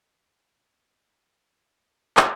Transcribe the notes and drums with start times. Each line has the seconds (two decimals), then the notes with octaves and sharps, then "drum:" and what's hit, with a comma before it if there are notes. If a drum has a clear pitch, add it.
0.22 A#4 C#5
0.46 E4 C5
1.13 C#2 A3 A#3 C5 F6
1.43 C#2 G2 A#2
1.74 C3 F3 A3 D4 G4 A#4
2.17 drum: clap